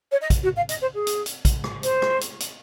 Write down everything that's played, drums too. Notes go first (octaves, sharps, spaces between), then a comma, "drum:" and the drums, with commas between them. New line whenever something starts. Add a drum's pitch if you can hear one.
C#5
D#5
drum: kick, hi-hat
F#4
F5
D#5, drum: hi-hat
C5
G#4
drum: hi-hat
drum: hi-hat
drum: kick, hi-hat
drum: rim click
C5, drum: hi-hat
drum: rim click
drum: hi-hat
drum: hi-hat